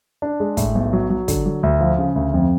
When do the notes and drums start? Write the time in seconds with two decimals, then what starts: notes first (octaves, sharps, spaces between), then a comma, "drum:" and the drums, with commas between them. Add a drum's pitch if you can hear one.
0.22 D4
0.40 G#3
0.57 A2, drum: kick, hi-hat
0.75 B1
0.93 F#3
1.10 F#3
1.28 D3, drum: kick, hi-hat
1.46 F#3
1.63 D2
1.81 F3
1.99 C#3
2.15 D2
2.34 F2